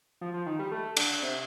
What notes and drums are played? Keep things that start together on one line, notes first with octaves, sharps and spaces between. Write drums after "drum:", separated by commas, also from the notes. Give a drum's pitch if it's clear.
F3
F3
D#3
G3
A3
D3, drum: cymbal
C3